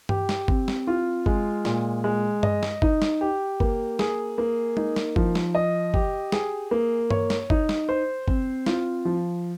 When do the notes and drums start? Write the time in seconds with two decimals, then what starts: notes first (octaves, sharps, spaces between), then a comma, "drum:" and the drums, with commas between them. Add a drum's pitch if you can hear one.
0.09 G4, drum: tom G2
0.29 drum: snare
0.48 C4, drum: kick
0.68 drum: snare
0.87 F4
1.26 G#3, drum: kick
1.65 A#2, drum: snare
2.04 G#3
2.43 D#5, drum: tom G2
2.63 drum: snare
2.82 D#4, drum: kick
3.02 drum: snare
3.21 G4
3.60 A#3, drum: kick
3.99 G#4, drum: snare
4.38 A#3
4.77 D#4, drum: tom G#3
4.96 drum: snare
5.16 F3, drum: kick
5.35 drum: snare
5.55 D#5
5.94 G4, drum: kick
6.32 G#4, drum: snare
6.71 A#3
7.10 C#5, drum: tom G2
7.30 drum: snare
7.50 D#4, drum: kick
7.69 drum: snare
7.89 C5
8.28 C4, drum: kick
8.66 F4, drum: snare
9.05 F3